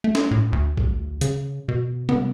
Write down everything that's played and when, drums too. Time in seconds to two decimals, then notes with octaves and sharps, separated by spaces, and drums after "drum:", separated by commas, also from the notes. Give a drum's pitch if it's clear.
0.04 A3
0.15 drum: snare C#4
0.31 A2
0.53 D2
0.77 drum: kick A#1
1.21 C#3, drum: hi-hat
1.68 B2
2.09 B3, drum: tom C3